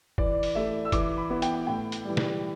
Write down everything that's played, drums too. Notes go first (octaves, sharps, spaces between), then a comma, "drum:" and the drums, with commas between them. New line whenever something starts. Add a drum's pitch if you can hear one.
E3 D5, drum: kick F#1
drum: open hi-hat
A3 E4 E5
E6
E3 D6, drum: kick F#1, hi-hat
B5
B3 E4
G5, drum: hi-hat
A2 G5
drum: hi-hat
E3 G3
drum: snare